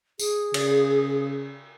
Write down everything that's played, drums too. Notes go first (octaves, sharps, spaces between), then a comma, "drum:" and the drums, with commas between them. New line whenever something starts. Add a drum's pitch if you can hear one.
G#4, drum: tambourine
C#3, drum: cymbal